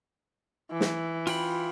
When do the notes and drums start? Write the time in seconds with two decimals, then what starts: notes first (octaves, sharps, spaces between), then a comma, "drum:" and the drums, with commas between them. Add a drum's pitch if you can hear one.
0.71 E3
0.81 drum: snare
1.27 F4 G5 B5, drum: cymbal